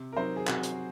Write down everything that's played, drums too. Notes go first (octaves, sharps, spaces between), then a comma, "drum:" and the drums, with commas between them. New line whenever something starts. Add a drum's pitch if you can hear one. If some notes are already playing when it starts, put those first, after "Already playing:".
Already playing: C3
A#4
F#3 C4 D#4 C5
G#4
C3 F#4, drum: clap
drum: hi-hat